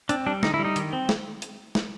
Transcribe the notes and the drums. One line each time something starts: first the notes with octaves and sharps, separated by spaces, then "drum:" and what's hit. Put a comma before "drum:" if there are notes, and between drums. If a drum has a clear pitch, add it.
C4 D4, drum: hi-hat
G3 D4
D3 D#4, drum: snare
E4
G3
D#4
D#3, drum: hi-hat
C4
drum: snare
drum: hi-hat
drum: snare